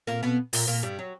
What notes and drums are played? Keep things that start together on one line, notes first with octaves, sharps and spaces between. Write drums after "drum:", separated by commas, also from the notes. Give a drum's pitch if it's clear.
A#2 A#3
B2 B3
A#2 A#3, drum: open hi-hat
A#2 A#3
G2 G3
F#3